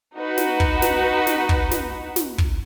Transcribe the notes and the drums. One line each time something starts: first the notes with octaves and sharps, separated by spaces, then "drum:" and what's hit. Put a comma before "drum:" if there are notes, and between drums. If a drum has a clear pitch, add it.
D#4 F#4 B4
drum: snare
drum: kick
drum: snare
drum: snare
drum: kick
drum: snare
drum: snare
drum: kick